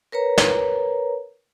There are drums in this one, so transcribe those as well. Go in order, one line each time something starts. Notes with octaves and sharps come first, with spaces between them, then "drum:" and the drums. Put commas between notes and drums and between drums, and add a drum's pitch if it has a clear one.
A#4 B4 C#5 A#5
drum: snare